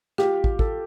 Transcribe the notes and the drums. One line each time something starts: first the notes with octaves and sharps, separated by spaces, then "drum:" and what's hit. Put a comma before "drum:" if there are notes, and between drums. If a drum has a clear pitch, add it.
F4 G4, drum: rim click
drum: kick
A4, drum: kick